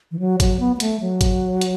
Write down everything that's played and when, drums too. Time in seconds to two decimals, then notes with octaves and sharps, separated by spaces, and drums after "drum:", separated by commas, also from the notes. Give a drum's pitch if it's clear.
0.11 E3
0.19 F#3
0.40 F#3, drum: kick, hi-hat
0.60 B3
0.76 B3
0.80 A3, drum: hi-hat
1.00 F#3
1.21 drum: kick, hi-hat
1.61 drum: hi-hat